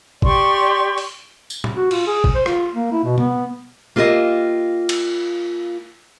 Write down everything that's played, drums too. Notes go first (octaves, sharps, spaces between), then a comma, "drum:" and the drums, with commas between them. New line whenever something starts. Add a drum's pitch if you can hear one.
G4 D5 C6 C#6, drum: kick G1
drum: open hi-hat
drum: tambourine
drum: tom
F#4
F4, drum: cymbal
G#4
drum: kick G1
C5
F4, drum: rim click
A#3
E4
B2
B3, drum: tom
A#3 F4 G4 B4 D#5 E5
drum: cymbal